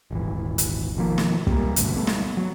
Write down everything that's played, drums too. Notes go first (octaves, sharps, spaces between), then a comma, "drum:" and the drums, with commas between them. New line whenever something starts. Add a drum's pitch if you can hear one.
D#1 G#1 E3
drum: hi-hat
B2 D#3 F3 A#3
drum: snare
G3 A#3, drum: kick
D2 G2 B2, drum: hi-hat
G3 A3 B3
drum: snare
F#3